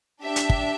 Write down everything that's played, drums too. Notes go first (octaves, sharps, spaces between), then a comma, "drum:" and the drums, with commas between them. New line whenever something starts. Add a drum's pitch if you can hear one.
D4 G4 E5
drum: hi-hat
drum: kick